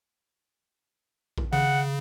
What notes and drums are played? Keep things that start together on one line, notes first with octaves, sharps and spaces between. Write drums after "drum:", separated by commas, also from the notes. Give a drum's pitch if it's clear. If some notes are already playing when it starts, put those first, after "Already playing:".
drum: kick A#1
C#3 F#5, drum: tom D#3